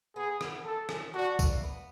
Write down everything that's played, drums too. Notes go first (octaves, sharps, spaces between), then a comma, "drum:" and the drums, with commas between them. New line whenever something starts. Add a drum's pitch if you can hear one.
B3 G#4
B3, drum: rim click
A4
C#4, drum: rim click
D4 F#4
A3, drum: kick, tambourine
A#3
B3